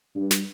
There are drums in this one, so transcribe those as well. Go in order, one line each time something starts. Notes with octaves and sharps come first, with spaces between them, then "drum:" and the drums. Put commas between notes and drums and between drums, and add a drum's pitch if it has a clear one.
G2
drum: snare